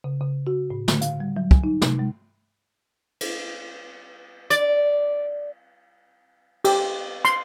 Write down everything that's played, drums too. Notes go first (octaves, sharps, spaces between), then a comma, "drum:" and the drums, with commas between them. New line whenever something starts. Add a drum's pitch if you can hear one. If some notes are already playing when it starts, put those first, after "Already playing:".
C#3
C#3
F#4
A2
D3, drum: snare
F5, drum: hi-hat
G3
F#3
G#5, drum: kick
D#4
C3, drum: snare
G#3
drum: cymbal
D5, drum: hi-hat
G4, drum: cymbal
C6, drum: hi-hat